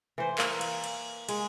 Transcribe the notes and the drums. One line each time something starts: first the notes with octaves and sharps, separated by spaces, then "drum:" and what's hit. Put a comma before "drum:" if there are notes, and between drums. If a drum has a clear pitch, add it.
E3 C5
A#3, drum: clap
drum: cymbal
drum: cymbal
G#3, drum: cymbal